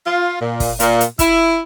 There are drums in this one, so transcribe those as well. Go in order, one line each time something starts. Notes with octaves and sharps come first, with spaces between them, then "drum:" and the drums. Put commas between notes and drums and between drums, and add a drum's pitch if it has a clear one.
F4
A#2
drum: kick, open hi-hat
A#2, drum: hi-hat
drum: hi-hat
E4, drum: kick, hi-hat